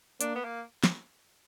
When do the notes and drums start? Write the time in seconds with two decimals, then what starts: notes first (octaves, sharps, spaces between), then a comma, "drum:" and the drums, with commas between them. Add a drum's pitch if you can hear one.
0.21 A#3 D4, drum: hi-hat
0.35 B3
0.44 A#3
0.84 drum: snare